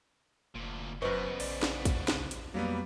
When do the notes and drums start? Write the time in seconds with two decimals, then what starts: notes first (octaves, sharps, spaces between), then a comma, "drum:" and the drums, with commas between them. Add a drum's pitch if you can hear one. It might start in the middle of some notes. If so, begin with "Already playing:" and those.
0.55 F1 D2 A#2
1.02 F#2 C#3 B3 B4 C5 D#5 C#6
1.40 A#1 D5, drum: open hi-hat
1.63 drum: snare
1.85 drum: kick, hi-hat
2.08 drum: snare
2.31 drum: hi-hat
2.54 F2 F#3 G3 A#3 B3